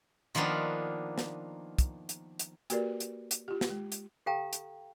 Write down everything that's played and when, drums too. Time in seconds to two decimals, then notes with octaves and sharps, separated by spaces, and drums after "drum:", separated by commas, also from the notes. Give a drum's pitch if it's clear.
0.35 D#3 F3 A#3 B3 D4 D#4
1.18 drum: snare
1.79 drum: kick, hi-hat
2.09 drum: hi-hat
2.39 drum: hi-hat
2.70 A#3 F#4 G4 A#4 B4 D5, drum: hi-hat
3.00 drum: hi-hat
3.31 drum: hi-hat
3.48 F4 G4
3.61 drum: snare
3.70 G#3
3.92 drum: hi-hat
4.26 G4 A4 F5 G5 A#5
4.53 drum: hi-hat